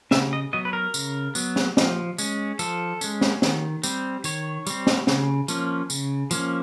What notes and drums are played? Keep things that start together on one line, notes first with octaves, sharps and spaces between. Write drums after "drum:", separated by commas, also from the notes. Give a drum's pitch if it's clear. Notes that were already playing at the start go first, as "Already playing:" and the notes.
C#3 E5, drum: snare
D#5
F#3 B3 D#5
B4
A#4
C#3, drum: tambourine
F#3 B3, drum: tambourine
drum: snare
F3, drum: snare
G#3 C#4, drum: tambourine
F3 A4, drum: tambourine
G#3 C#4, drum: tambourine
drum: snare
D#3, drum: snare
G3 C4, drum: tambourine
D#3 C#5, drum: tambourine
G3 C4, drum: tambourine
drum: snare
C#3, drum: snare
F3 A#3 C#4, drum: tambourine
C#3, drum: tambourine
F3 A#3 C#4, drum: tambourine